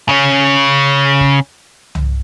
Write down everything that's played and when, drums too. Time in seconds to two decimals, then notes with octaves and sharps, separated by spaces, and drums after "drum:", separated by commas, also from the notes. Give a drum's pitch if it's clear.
0.09 C#3 C#4
1.21 drum: kick
1.95 drum: tom C2